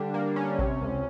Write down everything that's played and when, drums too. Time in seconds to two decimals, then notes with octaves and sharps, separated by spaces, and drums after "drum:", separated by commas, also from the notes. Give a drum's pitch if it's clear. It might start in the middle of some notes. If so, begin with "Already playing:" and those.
Already playing: D3 G3 D4
0.14 A#3
0.36 C#4
0.59 C3, drum: kick A1
0.81 C#2